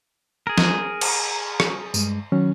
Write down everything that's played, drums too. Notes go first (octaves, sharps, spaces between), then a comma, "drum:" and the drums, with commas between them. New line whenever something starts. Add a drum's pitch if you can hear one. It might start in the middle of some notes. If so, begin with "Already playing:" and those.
G#4 A#4
drum: snare
drum: cymbal
drum: rim click
G2 G#3, drum: tambourine
D#3 F#3 C#4